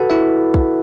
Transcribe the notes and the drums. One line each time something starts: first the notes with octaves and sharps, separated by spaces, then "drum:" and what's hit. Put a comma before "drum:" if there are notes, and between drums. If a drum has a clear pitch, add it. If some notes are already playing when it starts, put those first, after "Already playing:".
Already playing: F#4 A4 B4 F#5 A5 B5
E4 E5
drum: kick